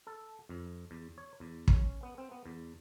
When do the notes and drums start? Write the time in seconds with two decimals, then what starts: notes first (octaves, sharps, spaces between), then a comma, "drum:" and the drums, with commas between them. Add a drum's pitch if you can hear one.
0.07 A4
0.49 F2
0.91 E2
1.18 C#5
1.40 E2
1.68 C#4, drum: kick
2.03 B3
2.18 C4
2.31 B3
2.46 E2